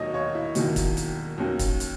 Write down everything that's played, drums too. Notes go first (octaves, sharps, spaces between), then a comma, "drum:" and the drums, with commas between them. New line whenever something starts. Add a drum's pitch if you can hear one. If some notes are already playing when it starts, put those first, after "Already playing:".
Already playing: E1 D#2 D#3 F#3 C#5 D#5
C#5
E4
E1 D#2 D#3 F#3, drum: hi-hat
drum: kick, hi-hat
drum: hi-hat
D#2 D#3 F#3 C#4
drum: kick, hi-hat
drum: hi-hat